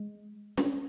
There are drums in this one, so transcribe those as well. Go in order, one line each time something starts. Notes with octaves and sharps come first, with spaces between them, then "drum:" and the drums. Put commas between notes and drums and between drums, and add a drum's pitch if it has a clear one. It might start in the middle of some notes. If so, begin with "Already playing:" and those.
Already playing: G#3
C#4, drum: snare